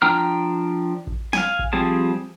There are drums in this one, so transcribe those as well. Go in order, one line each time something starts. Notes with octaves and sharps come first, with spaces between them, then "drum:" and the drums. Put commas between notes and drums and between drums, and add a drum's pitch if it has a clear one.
F3 D4 G5 A#5 F6
drum: kick A1
F5 G#5, drum: snare
drum: kick A1
F3 G3 C4 G#4 A5